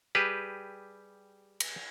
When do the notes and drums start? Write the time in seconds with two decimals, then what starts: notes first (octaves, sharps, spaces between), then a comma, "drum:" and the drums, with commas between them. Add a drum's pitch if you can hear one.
0.15 G3 G4 G#4 B4
1.60 drum: cymbal